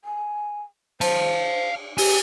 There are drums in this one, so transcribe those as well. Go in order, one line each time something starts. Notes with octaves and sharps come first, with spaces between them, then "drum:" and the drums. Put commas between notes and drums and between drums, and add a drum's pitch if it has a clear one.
G#5
C5 F5 A5, drum: cymbal
G4 G#5, drum: open hi-hat